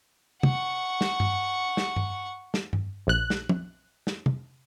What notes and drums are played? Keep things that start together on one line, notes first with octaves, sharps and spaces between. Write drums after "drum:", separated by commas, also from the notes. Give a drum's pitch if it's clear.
F#5 C#6, drum: tom
drum: snare
drum: tom G2
drum: snare
drum: tom G2
drum: snare
drum: tom G2
A#1 F#6
drum: snare
drum: tom
drum: snare
drum: tom